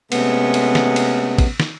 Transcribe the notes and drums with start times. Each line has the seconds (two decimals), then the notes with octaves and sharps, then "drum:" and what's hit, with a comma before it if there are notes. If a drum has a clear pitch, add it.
0.12 C3 G#3 A3 B3 C#4, drum: cymbal
0.54 drum: cymbal
0.75 drum: snare
0.96 drum: cymbal
1.38 drum: kick, cymbal
1.60 drum: snare